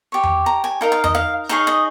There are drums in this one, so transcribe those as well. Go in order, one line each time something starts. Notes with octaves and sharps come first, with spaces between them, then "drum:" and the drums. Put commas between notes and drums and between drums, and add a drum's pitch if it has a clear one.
G4 C#5
drum: tom E2
A#5
G#5
D#4 A#4 D#5 F5
F5
D#5, drum: tom E2
F5
D#4 G#4 C#5 F5
D#5